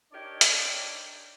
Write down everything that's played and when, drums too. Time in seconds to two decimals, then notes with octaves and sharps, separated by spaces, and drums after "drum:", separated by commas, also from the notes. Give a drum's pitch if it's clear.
0.12 D4 D#4 G4 A#4 C#5 D5
0.41 drum: hi-hat